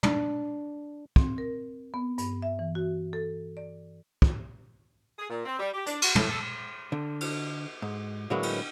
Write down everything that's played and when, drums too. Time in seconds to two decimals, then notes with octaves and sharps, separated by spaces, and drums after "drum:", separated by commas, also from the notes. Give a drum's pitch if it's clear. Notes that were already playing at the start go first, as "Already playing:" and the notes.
0.03 D4, drum: tom
1.16 C4, drum: kick
1.38 A#4
1.94 B3
2.18 G2, drum: hi-hat
2.42 E5
2.59 E3
2.75 F#4
3.13 A4
3.57 D5
4.22 drum: kick
5.18 G#4
5.30 A#2
5.45 C4
5.59 G3
5.74 G4
5.86 D4, drum: hi-hat
6.02 F#4, drum: cymbal
6.15 A2, drum: tom
6.29 A4
6.92 D3
7.21 drum: cymbal
7.82 G#2
8.30 A2 D3 F#3 G#3 A#3 B3
8.43 drum: cymbal